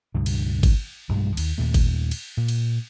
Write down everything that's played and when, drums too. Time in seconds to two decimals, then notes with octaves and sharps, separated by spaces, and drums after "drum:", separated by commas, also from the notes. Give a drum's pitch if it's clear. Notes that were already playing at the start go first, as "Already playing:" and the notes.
0.14 C#2 G2 B2
0.26 drum: cymbal
0.63 drum: kick G#1, cymbal
1.09 B1 G2 G3 G#3
1.37 D#2, drum: cymbal
1.58 D#2 A#2 A3
1.74 drum: kick G#1, cymbal
2.11 drum: cymbal
2.37 A#2
2.48 drum: cymbal